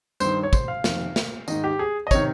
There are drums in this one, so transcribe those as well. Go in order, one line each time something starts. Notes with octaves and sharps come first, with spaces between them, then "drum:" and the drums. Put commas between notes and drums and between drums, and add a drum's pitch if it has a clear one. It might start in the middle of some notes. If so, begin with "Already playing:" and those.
G2 D#3 C5, drum: tambourine
C#5
C5, drum: kick, tambourine
F5
F2 C3 D#3, drum: snare
drum: snare
G#2 D#3 D#5, drum: tambourine
G4
G#4
D#5
C3 D#3 C#5, drum: kick, tambourine